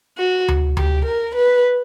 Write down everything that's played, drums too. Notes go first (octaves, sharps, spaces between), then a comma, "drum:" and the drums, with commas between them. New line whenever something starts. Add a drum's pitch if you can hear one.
F#4
drum: tom D2
G4, drum: tom D2
A#4
B4